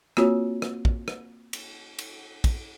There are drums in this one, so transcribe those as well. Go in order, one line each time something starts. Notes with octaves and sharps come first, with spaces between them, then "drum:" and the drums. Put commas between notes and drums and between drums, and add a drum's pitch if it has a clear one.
A#3 C4 F4 F#4 C#5, drum: rim click
drum: rim click
drum: kick
drum: rim click
drum: cymbal
drum: cymbal
drum: kick, cymbal